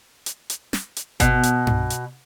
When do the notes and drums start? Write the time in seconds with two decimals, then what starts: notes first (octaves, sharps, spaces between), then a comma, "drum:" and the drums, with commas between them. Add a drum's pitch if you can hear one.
0.26 drum: hi-hat
0.50 drum: hi-hat
0.73 drum: snare
0.96 drum: hi-hat
1.20 B2, drum: kick G1, hi-hat
1.43 drum: hi-hat
1.67 drum: tom G2
1.90 drum: hi-hat